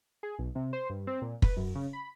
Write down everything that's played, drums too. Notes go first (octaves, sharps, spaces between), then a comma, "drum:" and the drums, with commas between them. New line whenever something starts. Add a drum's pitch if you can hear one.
G#4
B1
C3
C5
G2
C4
A#2
B4, drum: kick
F#2
C#3
B5